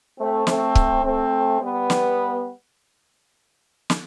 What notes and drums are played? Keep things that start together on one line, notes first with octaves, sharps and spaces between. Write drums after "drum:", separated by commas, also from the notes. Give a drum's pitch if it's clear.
A3 C4
A3 C4, drum: snare
drum: kick C#1
A3 C4
G3 B3
drum: snare
drum: snare